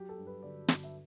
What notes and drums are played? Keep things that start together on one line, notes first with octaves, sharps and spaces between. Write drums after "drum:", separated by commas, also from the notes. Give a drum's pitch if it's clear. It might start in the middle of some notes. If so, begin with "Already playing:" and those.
Already playing: F#3 G4
A4
G2
B4
D3 D5
G1, drum: snare
E5